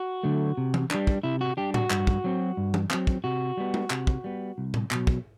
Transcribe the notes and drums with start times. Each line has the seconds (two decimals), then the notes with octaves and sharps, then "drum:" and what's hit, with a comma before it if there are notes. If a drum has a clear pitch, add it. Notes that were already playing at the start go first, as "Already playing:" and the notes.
Already playing: F#4
0.23 D3 F#3 A3
0.57 C3
0.74 drum: tom
0.91 G3 D4, drum: clap
1.07 drum: kick
1.23 C3 E4
1.41 F#4
1.57 G3 D4 G4
1.74 F#4, drum: tom A2
1.90 G2, drum: clap
2.07 drum: kick
2.24 F#3 C4
2.57 G2
2.74 drum: tom
2.90 F#3 C4, drum: clap
3.07 drum: kick
3.24 C3 F#4
3.57 G3 B3
3.74 drum: tom
3.90 C3, drum: clap
4.07 drum: kick
4.24 G3 B3
4.58 C2
4.74 drum: tom A2
4.91 B2 F#3, drum: clap
5.07 drum: kick